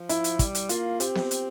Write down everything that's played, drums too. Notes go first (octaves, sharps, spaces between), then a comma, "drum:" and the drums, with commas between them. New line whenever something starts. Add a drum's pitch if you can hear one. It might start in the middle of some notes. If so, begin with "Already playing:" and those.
Already playing: F3
E4, drum: hi-hat
drum: hi-hat
G3, drum: kick, hi-hat
drum: hi-hat
A#3 F4, drum: hi-hat
C4 G4, drum: hi-hat
drum: snare B3
drum: hi-hat